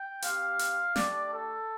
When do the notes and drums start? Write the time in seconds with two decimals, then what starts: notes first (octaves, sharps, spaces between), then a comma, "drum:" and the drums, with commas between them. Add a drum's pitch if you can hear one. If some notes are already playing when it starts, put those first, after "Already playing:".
Already playing: G5
0.22 C4 G4 F5, drum: hi-hat
0.59 drum: hi-hat
0.96 A3 D4 G4 D5, drum: snare
1.32 A4